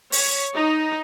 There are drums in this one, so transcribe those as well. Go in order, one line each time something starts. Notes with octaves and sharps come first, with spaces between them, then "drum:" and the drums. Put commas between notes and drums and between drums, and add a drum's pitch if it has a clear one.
C#5, drum: open hi-hat
D#4